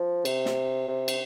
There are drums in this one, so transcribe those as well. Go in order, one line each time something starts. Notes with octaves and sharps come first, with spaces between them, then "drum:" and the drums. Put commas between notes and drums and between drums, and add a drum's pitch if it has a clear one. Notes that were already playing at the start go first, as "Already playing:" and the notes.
Already playing: F3
C3, drum: cymbal
drum: snare
C3
drum: cymbal